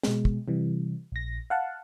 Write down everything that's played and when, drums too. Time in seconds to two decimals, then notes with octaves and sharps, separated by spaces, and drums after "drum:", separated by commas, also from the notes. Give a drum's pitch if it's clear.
0.03 B2 G#3, drum: snare
0.25 drum: kick
0.48 C3 E3 G3
1.12 A#1 A#6
1.50 F5 F#5 A5